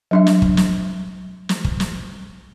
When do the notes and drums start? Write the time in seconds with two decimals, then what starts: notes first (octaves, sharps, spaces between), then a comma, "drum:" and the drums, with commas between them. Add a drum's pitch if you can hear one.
0.11 F#3 D4 E5
0.27 drum: snare
0.42 drum: kick
0.57 drum: snare
1.49 drum: snare
1.64 drum: kick
1.80 drum: snare